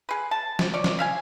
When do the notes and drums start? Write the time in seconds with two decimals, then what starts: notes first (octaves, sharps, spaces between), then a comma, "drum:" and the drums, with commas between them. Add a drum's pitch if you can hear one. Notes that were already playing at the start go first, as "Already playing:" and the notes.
0.09 G#4 B4
0.31 A5
0.59 drum: snare
0.74 C#5 D5
0.84 drum: snare
0.99 E5 F5 G#5